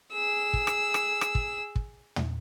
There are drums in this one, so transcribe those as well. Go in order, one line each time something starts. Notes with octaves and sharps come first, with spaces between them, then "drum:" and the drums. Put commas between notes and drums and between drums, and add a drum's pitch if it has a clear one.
G#4 E6
drum: kick
drum: rim click
drum: rim click
drum: rim click
drum: kick
drum: kick
drum: tom